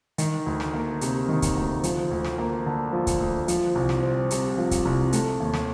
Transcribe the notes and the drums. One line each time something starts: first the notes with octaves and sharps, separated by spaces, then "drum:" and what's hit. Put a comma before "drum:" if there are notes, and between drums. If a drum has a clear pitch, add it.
D#3, drum: hi-hat
D2
drum: snare
A#3
C3, drum: hi-hat
D#3
drum: kick C#1, hi-hat
D2
F3, drum: hi-hat
D2
drum: snare
A#3
D3
F3
drum: kick C#1, hi-hat
D2
F3, drum: hi-hat
C2
drum: snare
C4
C3, drum: hi-hat
F3
drum: kick C#1, hi-hat
C2
A3, drum: hi-hat
D#2
drum: snare